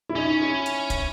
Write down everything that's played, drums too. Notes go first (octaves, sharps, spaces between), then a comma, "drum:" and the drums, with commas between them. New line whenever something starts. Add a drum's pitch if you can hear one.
E4
C#4 D#4
E4
drum: hi-hat
drum: kick, hi-hat